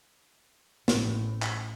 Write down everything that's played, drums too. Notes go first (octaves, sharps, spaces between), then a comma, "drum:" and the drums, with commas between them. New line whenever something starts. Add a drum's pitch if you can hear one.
A1 A2, drum: snare
drum: clap